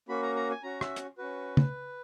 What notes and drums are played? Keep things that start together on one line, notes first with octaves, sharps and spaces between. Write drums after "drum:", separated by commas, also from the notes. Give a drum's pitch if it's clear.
A#3 C#4 F#4 B5
A#5
A#5
G#5
C#4 F#4 A#5
E5, drum: rim click
drum: hi-hat
C#4 F#4 B4
drum: tom